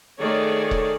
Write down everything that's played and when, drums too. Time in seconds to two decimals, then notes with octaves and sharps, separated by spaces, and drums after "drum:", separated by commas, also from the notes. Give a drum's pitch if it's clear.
0.19 D#3 A3 G#4 A4 C#5 D5
0.71 drum: kick E1